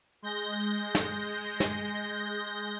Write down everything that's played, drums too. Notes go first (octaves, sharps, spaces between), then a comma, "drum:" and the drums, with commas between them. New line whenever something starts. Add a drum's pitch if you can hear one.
G#3 G6 A#6
drum: snare
drum: snare